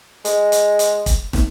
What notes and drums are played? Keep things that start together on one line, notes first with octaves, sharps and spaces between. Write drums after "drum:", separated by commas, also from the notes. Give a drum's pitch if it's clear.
G#3, drum: hi-hat
drum: hi-hat
drum: hi-hat
drum: kick, hi-hat
drum: snare